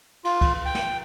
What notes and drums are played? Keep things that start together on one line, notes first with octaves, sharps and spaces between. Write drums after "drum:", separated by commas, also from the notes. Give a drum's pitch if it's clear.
F4, drum: cymbal
drum: kick C#2, cymbal
G5
drum: snare